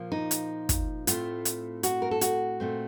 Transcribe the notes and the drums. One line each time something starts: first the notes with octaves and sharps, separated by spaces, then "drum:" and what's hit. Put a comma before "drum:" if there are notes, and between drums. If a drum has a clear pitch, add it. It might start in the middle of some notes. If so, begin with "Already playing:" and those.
Already playing: A#2 F3 A#3
D#4
drum: hi-hat
drum: kick, hi-hat
A2 A3 C4 F4, drum: hi-hat
drum: hi-hat
F#4, drum: hi-hat
A#4
A4
F#4, drum: hi-hat
A#2 A3 C4